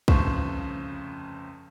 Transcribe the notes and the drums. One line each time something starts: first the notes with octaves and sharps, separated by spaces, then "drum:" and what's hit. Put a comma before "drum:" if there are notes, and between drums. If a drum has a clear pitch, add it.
G1 F2 C#3 A3 C5 C#6, drum: kick